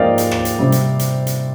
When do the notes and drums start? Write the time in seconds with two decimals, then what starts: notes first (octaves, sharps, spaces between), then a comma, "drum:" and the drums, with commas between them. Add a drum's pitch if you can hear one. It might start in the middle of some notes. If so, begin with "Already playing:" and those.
Already playing: G#2 F3 A#3 D5 D#5 F5 G5
0.18 drum: hi-hat
0.31 drum: rim click
0.45 drum: hi-hat
0.59 C3 G3 C4
0.72 drum: hi-hat
0.99 drum: hi-hat
1.27 drum: hi-hat